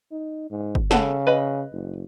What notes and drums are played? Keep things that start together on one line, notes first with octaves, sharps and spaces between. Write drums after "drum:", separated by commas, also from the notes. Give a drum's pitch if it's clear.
D#4
G#2
drum: kick
C#3 A4 F#5 B5, drum: snare
B4 D#5 B5
F#1